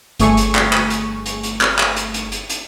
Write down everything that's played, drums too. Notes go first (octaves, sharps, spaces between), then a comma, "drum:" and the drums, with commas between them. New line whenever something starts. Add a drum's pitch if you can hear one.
G1 A3 G#4 C#6, drum: hi-hat
drum: hi-hat
drum: clap
drum: clap
drum: hi-hat
drum: hi-hat
drum: hi-hat
drum: clap
drum: clap
drum: hi-hat
drum: hi-hat
drum: hi-hat
drum: hi-hat